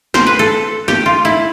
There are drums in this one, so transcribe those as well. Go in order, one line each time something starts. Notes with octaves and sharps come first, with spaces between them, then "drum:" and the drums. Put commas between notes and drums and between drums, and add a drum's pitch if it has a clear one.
C5, drum: snare
B4
A4
G4, drum: snare
F4
E4